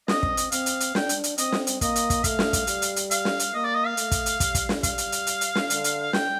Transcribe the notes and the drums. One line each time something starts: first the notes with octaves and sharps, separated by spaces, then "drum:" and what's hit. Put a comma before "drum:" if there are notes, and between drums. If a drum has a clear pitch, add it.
C4 D#5, drum: snare
drum: kick
drum: hi-hat
C4 F5, drum: hi-hat
drum: hi-hat
drum: hi-hat
D4 G5, drum: snare
drum: hi-hat
drum: hi-hat
C4 D#5, drum: hi-hat
drum: snare
drum: hi-hat
A#3 D#5, drum: kick, hi-hat
drum: hi-hat
drum: kick, hi-hat
A3 F5, drum: kick, hi-hat
drum: snare
drum: kick, hi-hat
G3, drum: hi-hat
drum: hi-hat
drum: hi-hat
F5, drum: hi-hat
drum: snare
drum: hi-hat
A#3 D#5
D5
D#5
F5
A3, drum: hi-hat
drum: kick, hi-hat
drum: hi-hat
G3, drum: kick, hi-hat
drum: kick, hi-hat
drum: snare
F5, drum: kick, hi-hat
drum: hi-hat
drum: hi-hat
drum: hi-hat
drum: hi-hat
drum: snare
D3, drum: hi-hat
drum: hi-hat
F5
G5, drum: snare